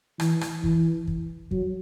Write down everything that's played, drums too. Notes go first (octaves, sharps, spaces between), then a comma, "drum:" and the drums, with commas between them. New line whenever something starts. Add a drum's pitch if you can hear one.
E3, drum: rim click
drum: rim click
E3, drum: kick
drum: kick
F#3, drum: kick